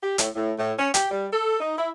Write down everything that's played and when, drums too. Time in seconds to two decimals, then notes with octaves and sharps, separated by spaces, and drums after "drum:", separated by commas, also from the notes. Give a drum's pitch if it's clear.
0.03 G4
0.18 A2, drum: hi-hat
0.35 A2
0.59 A2
0.78 C#4
0.94 G4, drum: hi-hat
1.11 G3
1.32 A4
1.60 D#4
1.77 E4